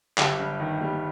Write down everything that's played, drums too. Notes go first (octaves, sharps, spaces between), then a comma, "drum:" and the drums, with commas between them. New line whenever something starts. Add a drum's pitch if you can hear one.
G1 G4, drum: clap
G2
D#3
G3